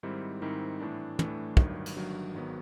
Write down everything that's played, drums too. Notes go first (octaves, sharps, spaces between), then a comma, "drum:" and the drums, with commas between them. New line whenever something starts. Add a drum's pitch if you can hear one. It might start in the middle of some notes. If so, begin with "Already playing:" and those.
G#2 D#3 G3 C4 E4
G#2 D#3 G3 C4 E4
A2 E3 A3 D4
A2 E3 A3 D4, drum: tom
G1 G2 D#3 F#3, drum: kick
drum: cymbal
G1 G2 D#3 F#3
G#1 G#2 D#3 F#3 B3